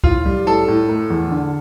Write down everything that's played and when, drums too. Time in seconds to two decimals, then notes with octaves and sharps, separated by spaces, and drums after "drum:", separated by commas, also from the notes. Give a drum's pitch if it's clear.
0.04 A2 F4, drum: kick C2
0.26 G3
0.46 A2 A4
0.68 A2
0.89 A3
1.10 E2
1.32 D3